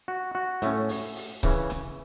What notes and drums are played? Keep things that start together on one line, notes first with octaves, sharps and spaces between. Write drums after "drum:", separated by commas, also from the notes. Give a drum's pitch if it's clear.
F#4
F#4
A2 A3 C#4, drum: hi-hat
drum: open hi-hat
drum: open hi-hat
C#3 E3 C#4, drum: kick C#1, hi-hat
drum: hi-hat